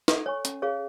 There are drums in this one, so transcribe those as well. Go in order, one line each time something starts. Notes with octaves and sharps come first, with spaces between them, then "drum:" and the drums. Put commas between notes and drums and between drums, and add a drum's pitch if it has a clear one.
A4, drum: snare
C#5 G#5 C#6
C#4, drum: hi-hat
G#4 C#5 F5